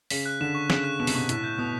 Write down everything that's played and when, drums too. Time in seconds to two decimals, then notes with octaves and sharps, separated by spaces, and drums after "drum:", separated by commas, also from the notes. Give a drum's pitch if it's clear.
0.10 C#3 B6, drum: open hi-hat
0.26 F#6
0.41 D3 E7
0.55 C#6
0.70 C#3 B6, drum: snare
0.84 F#6
0.99 B2 E7
1.07 C3, drum: open hi-hat
1.15 B2 C#6
1.29 A2 B6, drum: hi-hat
1.44 G6
1.58 B2 D#6